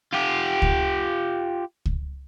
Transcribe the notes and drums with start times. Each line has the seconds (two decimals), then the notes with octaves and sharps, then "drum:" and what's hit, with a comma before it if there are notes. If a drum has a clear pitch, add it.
0.13 F4 G4
0.62 drum: kick C#2
1.86 drum: kick C#2